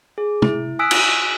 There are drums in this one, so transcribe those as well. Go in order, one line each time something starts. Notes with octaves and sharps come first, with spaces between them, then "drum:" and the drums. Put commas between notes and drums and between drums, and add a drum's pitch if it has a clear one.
G#4
E4, drum: tom
G#5 D#6 E6 F#6 B6 D7
drum: cymbal